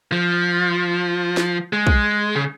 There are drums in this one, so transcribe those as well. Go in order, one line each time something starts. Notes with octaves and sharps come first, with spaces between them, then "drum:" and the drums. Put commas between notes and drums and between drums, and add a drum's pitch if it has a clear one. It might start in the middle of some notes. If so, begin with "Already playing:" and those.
F3
drum: snare
G#3
drum: kick
C#3